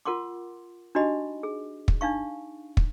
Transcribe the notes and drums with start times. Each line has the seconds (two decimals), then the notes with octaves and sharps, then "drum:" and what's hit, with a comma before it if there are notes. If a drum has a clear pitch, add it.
0.05 F4 A#4 F#5 C6 D6
0.95 D4 D#4 F#4 G4 D#5 B5
1.43 G#4
1.88 drum: kick
2.01 D4 D#4 F5 C#6
2.77 drum: kick